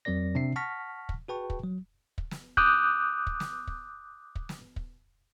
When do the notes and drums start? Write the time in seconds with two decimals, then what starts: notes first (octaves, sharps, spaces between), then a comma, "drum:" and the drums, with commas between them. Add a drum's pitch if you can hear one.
0.05 F2 F#3 C4 A#4 D5 A#6
0.35 C3 C4 D4 E5 C7
0.56 F#5 A5 C#6 F6 A#6 B6
1.09 drum: kick
1.28 F#4 G#4 B4 G5 A5 C#6
1.50 drum: kick
1.63 F#3
2.18 drum: kick
2.31 drum: snare
2.57 D6 D#6 F#6 G6, drum: kick
3.27 drum: kick
3.40 drum: snare
3.67 drum: kick
4.35 drum: kick
4.49 drum: snare
4.76 drum: kick